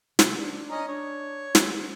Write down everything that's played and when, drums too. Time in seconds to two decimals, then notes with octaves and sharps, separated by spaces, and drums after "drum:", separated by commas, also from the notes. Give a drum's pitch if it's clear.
0.19 C3, drum: snare
0.36 D4
0.69 C#4 D#5 A#5
0.88 D4 C#5
1.55 drum: snare